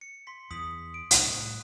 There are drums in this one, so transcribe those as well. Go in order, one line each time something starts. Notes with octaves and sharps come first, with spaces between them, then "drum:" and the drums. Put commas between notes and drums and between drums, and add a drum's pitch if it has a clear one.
C#7
C6 B6
E2 D#6 B6 F#7
D7
C2 A2 F#6, drum: hi-hat
A2